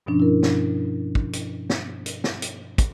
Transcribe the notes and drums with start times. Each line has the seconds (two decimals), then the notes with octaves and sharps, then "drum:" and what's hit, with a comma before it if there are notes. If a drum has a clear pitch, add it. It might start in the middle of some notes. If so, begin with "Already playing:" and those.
0.06 G2 B2 F3 C#4 D4
0.20 E4 A#4
0.43 drum: snare
1.15 drum: kick
1.33 drum: hi-hat
1.70 drum: snare
2.06 drum: hi-hat
2.24 drum: snare
2.42 drum: hi-hat
2.78 drum: kick, hi-hat